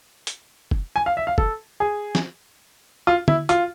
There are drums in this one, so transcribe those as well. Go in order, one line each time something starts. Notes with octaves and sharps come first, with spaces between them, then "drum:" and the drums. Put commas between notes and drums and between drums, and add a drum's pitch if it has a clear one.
drum: hi-hat
drum: kick
G#5
F5
E5
F5
A4, drum: kick
G#4
drum: snare
F4
E4, drum: tom D3
F4, drum: hi-hat